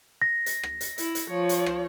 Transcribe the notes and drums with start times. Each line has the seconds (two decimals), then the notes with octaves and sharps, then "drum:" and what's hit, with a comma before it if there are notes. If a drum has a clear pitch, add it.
0.22 A#6
0.46 drum: hi-hat
0.63 drum: rim click
0.81 drum: hi-hat
0.98 E4, drum: hi-hat
1.15 drum: hi-hat
1.29 F3 C#5
1.49 drum: hi-hat
1.66 drum: rim click